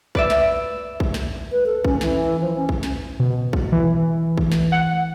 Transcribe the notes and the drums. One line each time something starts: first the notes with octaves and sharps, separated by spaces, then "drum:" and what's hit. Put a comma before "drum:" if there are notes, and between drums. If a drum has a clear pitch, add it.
B4 D5 E5, drum: kick
drum: snare
drum: kick
drum: snare
B4
A4
C#4, drum: kick
E3, drum: snare
F3
C#4
drum: kick
drum: snare
B2
drum: kick
E3
drum: kick
drum: snare
F#5